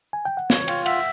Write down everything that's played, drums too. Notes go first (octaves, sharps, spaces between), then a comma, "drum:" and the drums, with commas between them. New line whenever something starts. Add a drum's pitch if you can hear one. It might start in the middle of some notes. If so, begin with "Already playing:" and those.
G#5
G5
F#5
C#5 F5, drum: snare
F4 G5, drum: cymbal
E5 F#5, drum: cymbal